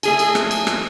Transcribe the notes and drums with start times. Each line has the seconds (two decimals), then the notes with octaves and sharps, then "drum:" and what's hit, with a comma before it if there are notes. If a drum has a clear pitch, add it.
0.03 A3 G#4 G#5, drum: cymbal
0.19 drum: cymbal
0.35 drum: rim click
0.51 drum: cymbal
0.67 drum: rim click